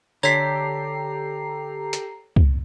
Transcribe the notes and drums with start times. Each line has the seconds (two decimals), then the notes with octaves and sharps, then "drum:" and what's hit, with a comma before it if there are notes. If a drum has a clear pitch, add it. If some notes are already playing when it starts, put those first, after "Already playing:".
0.23 D3 G4 A4 C#5 A#5 B6 C7, drum: tambourine
1.93 drum: hi-hat
2.36 drum: kick C2